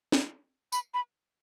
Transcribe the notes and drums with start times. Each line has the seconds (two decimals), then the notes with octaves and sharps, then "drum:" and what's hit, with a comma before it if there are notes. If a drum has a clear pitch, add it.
0.12 drum: snare
0.72 B5, drum: tambourine
0.94 B5